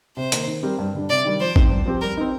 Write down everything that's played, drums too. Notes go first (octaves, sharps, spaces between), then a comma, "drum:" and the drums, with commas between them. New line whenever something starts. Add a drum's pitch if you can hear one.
C3 C5
D#3 A#3 D#4, drum: hi-hat
D#3
G3 C4 G4 A#4
G2
D3 G3 D4
C3 D5
D#3 G3 D4
F3 C5
C4 D#4, drum: kick G#1
G2
F3 C4 G4
G3 A#4
C4 D#4